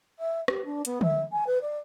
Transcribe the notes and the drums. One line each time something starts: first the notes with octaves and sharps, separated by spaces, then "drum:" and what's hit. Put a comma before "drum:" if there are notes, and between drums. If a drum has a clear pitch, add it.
E5
G4, drum: rim click
D4
B3, drum: hi-hat
E5, drum: tom D3
G#5
B4
D5